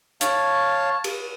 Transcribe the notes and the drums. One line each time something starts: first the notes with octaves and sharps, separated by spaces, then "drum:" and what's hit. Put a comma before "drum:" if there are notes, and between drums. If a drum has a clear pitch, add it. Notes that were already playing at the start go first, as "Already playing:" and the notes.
C#5 F5 A5, drum: hi-hat
drum: cymbal